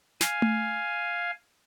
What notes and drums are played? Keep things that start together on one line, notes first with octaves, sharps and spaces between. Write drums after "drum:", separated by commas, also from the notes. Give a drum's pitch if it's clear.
F5 G#5, drum: snare
drum: tom A3